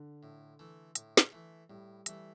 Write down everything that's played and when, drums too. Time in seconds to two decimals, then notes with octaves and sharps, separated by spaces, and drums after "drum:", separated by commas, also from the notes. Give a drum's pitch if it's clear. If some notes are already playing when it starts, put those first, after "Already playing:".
Already playing: D3
0.23 A2
0.59 E3 A3
0.95 A2, drum: hi-hat
1.17 drum: snare
1.32 E3 A3
1.69 A2 G3
2.06 E3 G3 A3, drum: hi-hat